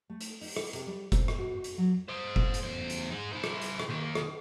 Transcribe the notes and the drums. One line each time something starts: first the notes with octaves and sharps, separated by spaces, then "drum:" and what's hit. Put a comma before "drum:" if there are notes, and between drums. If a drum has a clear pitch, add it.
A3
drum: hi-hat
D#4, drum: open hi-hat
E4, drum: rim click
C3, drum: hi-hat
G3
C5, drum: kick F1, hi-hat
drum: rim click
F#4
drum: hi-hat
F#3
C5 D#5
drum: kick F1
drum: hi-hat
E2 C5
drum: hi-hat
D#4 G#4
E4 C5
drum: rim click
drum: hi-hat
drum: rim click
D#2 D#3
drum: rim click